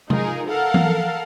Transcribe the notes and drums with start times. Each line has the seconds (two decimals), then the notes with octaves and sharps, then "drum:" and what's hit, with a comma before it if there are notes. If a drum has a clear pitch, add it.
0.10 D#4 F4 G#4 A#4, drum: tom C3
0.48 A4 A#4 F5 F#5
0.74 drum: tom E3